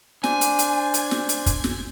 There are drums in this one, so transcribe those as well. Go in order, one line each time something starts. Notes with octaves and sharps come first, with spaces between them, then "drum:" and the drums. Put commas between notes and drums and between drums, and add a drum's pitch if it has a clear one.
D4 C5 G#5, drum: snare
drum: hi-hat
drum: hi-hat
drum: hi-hat
drum: snare
drum: hi-hat
drum: kick, hi-hat
drum: snare